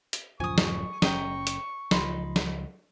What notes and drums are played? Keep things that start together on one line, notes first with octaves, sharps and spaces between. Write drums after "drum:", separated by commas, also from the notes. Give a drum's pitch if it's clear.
drum: hi-hat
D1 F#2 F3 G#5 C#6 D#6
drum: snare
F#1 C#4 D#5 G5 A#5, drum: snare
drum: hi-hat
C#2 F3 D#4 B5 C6, drum: snare
drum: snare